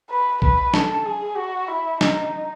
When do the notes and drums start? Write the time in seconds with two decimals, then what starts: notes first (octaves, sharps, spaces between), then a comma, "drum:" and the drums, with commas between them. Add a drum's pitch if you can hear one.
0.10 B4
0.42 B4, drum: kick
0.74 A4, drum: snare
1.06 G#4
1.36 F#4
1.68 E4
2.01 D#4, drum: snare